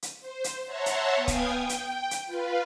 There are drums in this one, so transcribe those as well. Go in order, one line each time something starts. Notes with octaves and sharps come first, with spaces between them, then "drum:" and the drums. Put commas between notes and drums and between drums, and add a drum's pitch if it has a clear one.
drum: hi-hat
C5
drum: hi-hat
C#5 E5 F#5 A5 A#5 C6
drum: hi-hat
B3 F5 G5 G#5 D#6 G#6
drum: kick C#1, hi-hat
G5
drum: hi-hat
drum: hi-hat
F4 B4 F5